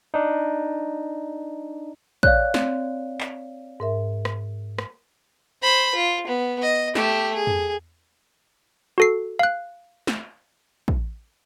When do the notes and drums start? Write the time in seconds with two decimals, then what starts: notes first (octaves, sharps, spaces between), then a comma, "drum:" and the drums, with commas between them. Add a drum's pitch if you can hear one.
0.14 D4 D#4
2.23 C#5 D5 F5 F#6, drum: kick
2.54 C4, drum: snare
3.21 drum: clap
3.80 G#2 A#4 E5
4.25 drum: rim click
4.78 drum: rim click
5.63 C5 B5
5.95 F4
6.27 B3
6.63 D#5
6.95 A3 G4, drum: snare
7.35 G#4
7.47 drum: tom
8.98 F#4 A4 C7
9.39 F5 F#6
10.07 drum: snare
10.88 drum: kick